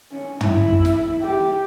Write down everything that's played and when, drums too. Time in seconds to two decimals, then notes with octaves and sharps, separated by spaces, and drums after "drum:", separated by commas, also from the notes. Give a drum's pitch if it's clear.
0.11 C#4
0.41 E4, drum: tom
0.70 drum: kick
0.85 drum: snare
1.23 G4